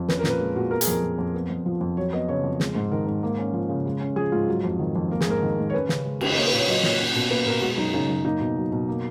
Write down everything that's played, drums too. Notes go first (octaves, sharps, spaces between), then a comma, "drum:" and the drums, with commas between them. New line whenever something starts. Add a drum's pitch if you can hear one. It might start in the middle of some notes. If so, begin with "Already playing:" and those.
Already playing: F2
C#4 B4, drum: snare
A#4
A#2, drum: snare
B4
G#3
A#2 F#4
B3 A#4
G#4, drum: hi-hat
F2 A#4
F3
F2
B3
F2
F3
F2
F#3 C#5
B3 D#5
C#3 C#5
F2
G#3, drum: snare
G#2
D#3 A#4
G#2
A#3
C#4
F3
C#3
G#3
C#4
F3 G#4
G#2 F4
F#3
F2
D#3
F2
A#3 A#4
G#4, drum: snare
G#2 A#4
D#3
G#2
C#5
C#4 B4
C#3, drum: snare
G#3
C#3, drum: cymbal
D#5
A#3 C#5
B4
A#2
C#5
F#3 D#5
A#2 C#5, drum: snare
C#4
B2
A#3 B4
B2 A#4
G#3 F#4
F#2 D#4
C#3 D#4
F#2
A#3 D#4
B2
F#3
B2
A#3